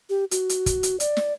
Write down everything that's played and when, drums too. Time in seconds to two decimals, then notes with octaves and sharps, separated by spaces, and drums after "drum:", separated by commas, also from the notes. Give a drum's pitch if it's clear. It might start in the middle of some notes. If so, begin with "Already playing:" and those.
0.10 G4
0.31 F#4, drum: hi-hat
0.49 drum: hi-hat
0.66 drum: kick, hi-hat
0.83 drum: hi-hat
1.00 D5, drum: hi-hat
1.17 drum: snare